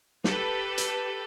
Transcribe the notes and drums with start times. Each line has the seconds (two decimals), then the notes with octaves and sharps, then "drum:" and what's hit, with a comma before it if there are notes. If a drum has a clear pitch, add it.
0.24 G4 A4 B4, drum: snare
0.78 drum: hi-hat